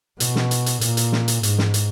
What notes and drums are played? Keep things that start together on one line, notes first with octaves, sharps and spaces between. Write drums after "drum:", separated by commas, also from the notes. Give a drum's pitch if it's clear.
B2, drum: hi-hat
drum: snare
drum: hi-hat
drum: hi-hat
A#2, drum: hi-hat
drum: hi-hat
drum: snare
drum: hi-hat
G#2, drum: hi-hat
drum: snare
drum: hi-hat